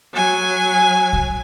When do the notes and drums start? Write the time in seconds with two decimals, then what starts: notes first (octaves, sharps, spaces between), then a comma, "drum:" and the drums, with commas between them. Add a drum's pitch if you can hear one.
0.13 F#3 G#5
1.13 drum: kick B1